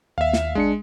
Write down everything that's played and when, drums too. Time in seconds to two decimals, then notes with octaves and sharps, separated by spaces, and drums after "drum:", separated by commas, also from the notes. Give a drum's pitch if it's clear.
0.18 D#2 E5 F5
0.33 drum: snare
0.55 G#1 G#3 D4 C#7